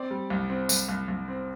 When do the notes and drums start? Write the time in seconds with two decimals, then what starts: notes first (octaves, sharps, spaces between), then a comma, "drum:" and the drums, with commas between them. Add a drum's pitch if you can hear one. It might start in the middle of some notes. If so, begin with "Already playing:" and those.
Already playing: C4 D5
0.11 G3
0.30 C2
0.49 C4
0.69 C2, drum: tambourine
0.89 C2
1.08 C2
1.28 C4